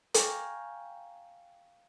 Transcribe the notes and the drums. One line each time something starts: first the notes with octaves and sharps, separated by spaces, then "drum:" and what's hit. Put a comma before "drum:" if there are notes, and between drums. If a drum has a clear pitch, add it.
F5 G5 G#5 A#5 C#6, drum: hi-hat